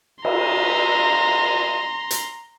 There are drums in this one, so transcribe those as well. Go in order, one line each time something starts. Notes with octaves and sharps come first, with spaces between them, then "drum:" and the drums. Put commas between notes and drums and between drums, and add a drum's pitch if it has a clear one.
A#5 C6, drum: cymbal
drum: hi-hat